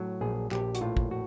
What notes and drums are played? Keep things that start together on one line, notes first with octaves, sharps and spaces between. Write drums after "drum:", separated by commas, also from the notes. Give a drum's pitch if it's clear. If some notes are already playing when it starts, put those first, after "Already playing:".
Already playing: A2 F#3
A#1 G#4
A#1 G4, drum: clap
F#4, drum: hi-hat
A2 F4
drum: kick
F#4